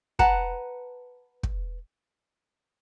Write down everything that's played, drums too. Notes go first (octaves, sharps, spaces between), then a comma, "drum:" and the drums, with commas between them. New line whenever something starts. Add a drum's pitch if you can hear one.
B4 F#5 A5 A#5, drum: kick
drum: kick